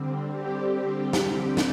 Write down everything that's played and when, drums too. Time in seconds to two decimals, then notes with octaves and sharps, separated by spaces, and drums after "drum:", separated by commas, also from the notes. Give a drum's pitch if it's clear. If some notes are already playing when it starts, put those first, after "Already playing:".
Already playing: D3 G3 C4
0.25 G3 G4
1.13 drum: snare
1.57 drum: snare